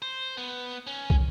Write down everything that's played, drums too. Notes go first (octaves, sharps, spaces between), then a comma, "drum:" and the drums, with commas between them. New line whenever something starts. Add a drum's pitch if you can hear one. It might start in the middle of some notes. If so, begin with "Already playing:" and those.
C5
B3
C#4
drum: kick